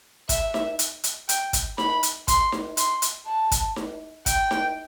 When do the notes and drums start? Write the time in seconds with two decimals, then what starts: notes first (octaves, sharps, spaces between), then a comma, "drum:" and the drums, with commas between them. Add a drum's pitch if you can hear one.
0.29 E5, drum: kick, hi-hat
0.54 drum: snare D#4
0.79 drum: hi-hat
1.04 drum: hi-hat
1.29 G5, drum: hi-hat
1.53 drum: kick, hi-hat
1.78 B5, drum: snare D#4
2.03 drum: hi-hat
2.28 C6, drum: kick, hi-hat
2.52 drum: snare D#4
2.77 C6, drum: hi-hat
3.02 drum: hi-hat
3.26 A5
3.52 drum: kick, hi-hat
3.76 drum: snare D#4
4.26 G5, drum: kick, hi-hat
4.51 drum: snare D#4